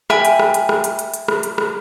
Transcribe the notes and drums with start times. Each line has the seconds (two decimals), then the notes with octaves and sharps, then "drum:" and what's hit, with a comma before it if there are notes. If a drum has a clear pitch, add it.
0.10 E5 G5 G#5 B5, drum: rim click
0.25 drum: hi-hat
0.39 drum: rim click
0.54 drum: hi-hat
0.69 drum: rim click
0.84 drum: hi-hat
0.99 drum: hi-hat
1.14 drum: hi-hat
1.28 drum: rim click
1.43 drum: hi-hat
1.58 drum: rim click